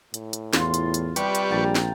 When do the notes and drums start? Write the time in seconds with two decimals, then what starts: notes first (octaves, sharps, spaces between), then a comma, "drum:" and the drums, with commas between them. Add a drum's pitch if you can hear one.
0.14 A2, drum: hi-hat
0.33 drum: hi-hat
0.53 E2 F4 C6, drum: snare
0.74 drum: hi-hat
0.94 drum: hi-hat
1.16 C3 G3 G4 B4 C#6, drum: hi-hat
1.35 drum: hi-hat
1.51 A#1 G5 A5 A#5
1.75 drum: snare